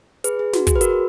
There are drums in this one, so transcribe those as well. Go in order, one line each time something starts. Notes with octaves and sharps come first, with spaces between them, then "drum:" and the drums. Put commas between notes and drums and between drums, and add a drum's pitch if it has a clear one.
G#4 B4, drum: hi-hat
G#4
F#4, drum: snare
G#4, drum: kick, hi-hat
B4
F#4 A#4, drum: hi-hat